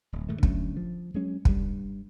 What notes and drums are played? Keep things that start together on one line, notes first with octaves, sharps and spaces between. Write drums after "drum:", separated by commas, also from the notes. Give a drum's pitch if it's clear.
D1
G#2 D#3 A3
D3 F#3 A3 C#4, drum: kick
F3
F#3 G#3 C#4
G2 G3, drum: kick